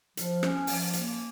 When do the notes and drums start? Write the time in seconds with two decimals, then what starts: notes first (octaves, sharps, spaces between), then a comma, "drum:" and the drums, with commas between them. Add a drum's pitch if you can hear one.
0.17 F3, drum: hi-hat
0.43 C#4, drum: rim click
0.67 F3, drum: open hi-hat
0.93 A#3, drum: hi-hat